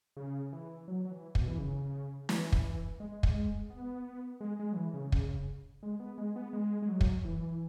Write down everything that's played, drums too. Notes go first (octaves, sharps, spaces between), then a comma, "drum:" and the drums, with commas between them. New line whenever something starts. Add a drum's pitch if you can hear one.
C#3
E3
F#3
F#3
E3
B2, drum: kick
E3
C#3
E3, drum: snare
drum: kick
G#3
drum: kick
B3
G#3
G#3
F#3
E3
C#3
C#3, drum: kick
G#3
B3
G#3
B3
G#3
G#3
F#3
drum: kick
E3